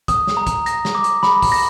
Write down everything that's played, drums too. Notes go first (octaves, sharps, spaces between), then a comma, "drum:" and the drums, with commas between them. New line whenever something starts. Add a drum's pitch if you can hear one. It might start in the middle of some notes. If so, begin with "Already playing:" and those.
D#6, drum: kick, hi-hat
drum: snare
A#5
drum: kick, hi-hat
A#6, drum: hi-hat
drum: snare
D6
drum: hi-hat
B5, drum: snare
drum: kick, open hi-hat
A#6